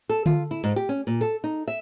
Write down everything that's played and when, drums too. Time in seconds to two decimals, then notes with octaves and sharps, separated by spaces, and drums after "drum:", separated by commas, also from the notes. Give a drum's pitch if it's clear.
0.09 A4
0.26 F4, drum: tom D3
0.51 E4
0.64 G#2
0.76 G4
0.89 C#4
1.07 A#2
1.21 A4
1.44 D#4
1.68 E5